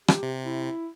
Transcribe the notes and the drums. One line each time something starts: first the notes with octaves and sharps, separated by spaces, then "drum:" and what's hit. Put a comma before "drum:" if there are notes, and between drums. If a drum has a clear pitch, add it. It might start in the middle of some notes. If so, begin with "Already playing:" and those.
G4, drum: rim click
C3
E4